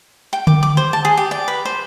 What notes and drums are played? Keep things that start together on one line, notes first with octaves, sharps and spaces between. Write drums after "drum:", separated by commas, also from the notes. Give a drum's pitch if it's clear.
G5
D6, drum: tom D3
D6
C5
A5
G#4
G4
D5
B4
C5